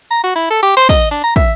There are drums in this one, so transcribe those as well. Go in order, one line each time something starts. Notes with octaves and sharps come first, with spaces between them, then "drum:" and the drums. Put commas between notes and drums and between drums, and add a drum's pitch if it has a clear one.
A#5
F#4
E4
A4
G4
C5, drum: cymbal
D#5, drum: kick, cymbal
D4
A#5
E5, drum: kick